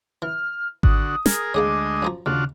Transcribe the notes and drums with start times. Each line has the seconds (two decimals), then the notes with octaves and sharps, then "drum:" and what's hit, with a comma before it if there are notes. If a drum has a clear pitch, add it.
0.22 E3 F6
0.83 D3 F#4 D#6, drum: kick G#1
1.26 G#4 A#4, drum: snare
1.54 D2 G#3 A#3 G#4 C#5 D#5 D6
2.02 F#2 F3 A#5
2.26 D#2 C#3 D4 F4 F#4